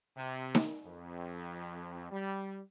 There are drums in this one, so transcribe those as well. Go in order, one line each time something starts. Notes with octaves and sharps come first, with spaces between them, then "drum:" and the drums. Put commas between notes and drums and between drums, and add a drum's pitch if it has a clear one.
C3
drum: snare D#4
F2
G3